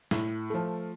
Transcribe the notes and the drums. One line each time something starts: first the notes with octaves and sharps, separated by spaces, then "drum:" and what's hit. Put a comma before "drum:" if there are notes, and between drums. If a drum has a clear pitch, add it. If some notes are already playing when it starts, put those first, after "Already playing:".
A2, drum: snare
F3 A3